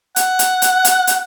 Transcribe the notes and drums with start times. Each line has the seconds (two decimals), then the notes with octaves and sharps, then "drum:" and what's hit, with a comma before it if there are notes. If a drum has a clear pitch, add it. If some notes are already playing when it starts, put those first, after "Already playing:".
0.16 F#5, drum: hi-hat
0.39 drum: hi-hat
0.62 drum: hi-hat
0.85 drum: hi-hat
1.07 drum: hi-hat